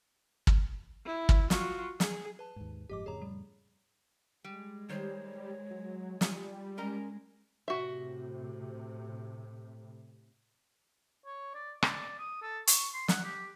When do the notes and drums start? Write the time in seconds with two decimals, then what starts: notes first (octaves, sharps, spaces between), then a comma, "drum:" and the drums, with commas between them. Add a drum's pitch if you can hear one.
0.47 drum: kick
1.06 E4
1.29 drum: kick
1.50 F4 F#4, drum: snare
2.00 G#4, drum: snare
2.39 B4 A5
2.56 D#2 G#2
2.89 F#1 G#2 F3 G4 D#5 D6
3.06 F2 A2 C#3 G#4 C#5 A#5
3.22 G3
4.44 G3 G#3
4.89 D#3 G3 C5 C#5
5.71 F#3
6.21 G3 F4 G#5, drum: snare
6.78 G#3 C#4 A#4 D#5 A#5
7.68 A2 C3 F#4 E5
11.26 C#5
11.55 D5
11.83 D5, drum: rim click
12.19 D#6
12.42 A4
12.67 C#6, drum: hi-hat
12.94 C6
13.08 F#5, drum: snare
13.24 G4